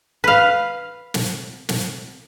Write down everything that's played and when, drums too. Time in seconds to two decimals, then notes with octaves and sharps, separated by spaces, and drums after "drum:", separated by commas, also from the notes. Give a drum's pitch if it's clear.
0.24 B4 F5
1.14 drum: snare
1.69 drum: snare